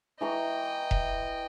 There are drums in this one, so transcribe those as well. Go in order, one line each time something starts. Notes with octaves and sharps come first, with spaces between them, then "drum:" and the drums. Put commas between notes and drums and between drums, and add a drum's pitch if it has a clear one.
E3 D#5 G5 A#5 C#6
drum: kick E1